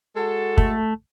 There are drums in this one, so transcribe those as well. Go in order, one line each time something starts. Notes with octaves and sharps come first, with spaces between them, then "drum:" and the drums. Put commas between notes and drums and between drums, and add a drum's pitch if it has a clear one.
G#3 F#4 A4
A3, drum: kick